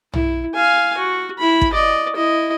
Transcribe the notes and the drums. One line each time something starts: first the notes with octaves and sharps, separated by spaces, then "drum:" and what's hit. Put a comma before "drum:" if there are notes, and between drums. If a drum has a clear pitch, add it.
E4, drum: tom
F5 G#5
F#4
E4 B5
drum: kick
D5 D#5
E4 D#5